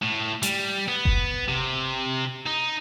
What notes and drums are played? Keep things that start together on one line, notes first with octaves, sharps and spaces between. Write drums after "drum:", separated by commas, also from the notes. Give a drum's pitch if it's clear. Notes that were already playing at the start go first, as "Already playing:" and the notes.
A2
G3, drum: hi-hat
B3
drum: kick F#1
C3
D#4